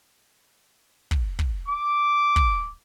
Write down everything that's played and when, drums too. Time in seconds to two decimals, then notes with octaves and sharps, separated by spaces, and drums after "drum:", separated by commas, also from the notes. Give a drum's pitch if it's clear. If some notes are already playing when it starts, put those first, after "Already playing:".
1.11 drum: kick
1.39 drum: kick
1.66 D6
2.36 drum: kick